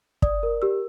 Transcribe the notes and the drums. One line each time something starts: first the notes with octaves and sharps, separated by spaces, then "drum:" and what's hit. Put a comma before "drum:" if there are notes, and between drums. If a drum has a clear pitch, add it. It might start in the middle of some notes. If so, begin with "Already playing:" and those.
D5 D#6, drum: kick
A#4
G4 E6